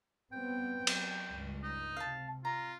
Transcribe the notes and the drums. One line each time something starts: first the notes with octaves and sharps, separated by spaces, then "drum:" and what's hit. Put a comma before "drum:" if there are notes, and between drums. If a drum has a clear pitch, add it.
G3 B3 C4 G5
F#3, drum: cymbal
C#2 G2
D#4
C3 F5 A5
F4 A#5